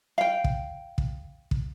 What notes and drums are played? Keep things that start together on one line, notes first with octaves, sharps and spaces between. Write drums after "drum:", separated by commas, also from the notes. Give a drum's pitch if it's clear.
F5 G5
drum: kick
drum: kick
drum: kick